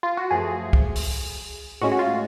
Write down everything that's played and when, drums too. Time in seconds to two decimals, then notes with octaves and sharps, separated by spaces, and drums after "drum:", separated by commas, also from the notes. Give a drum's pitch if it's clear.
0.03 F4
0.17 F#4
0.31 F#2 F3 A3 G#4
0.73 drum: kick C2
0.96 drum: open hi-hat
1.81 A2 G#3 C#4 F#4
1.92 F#4
1.99 F4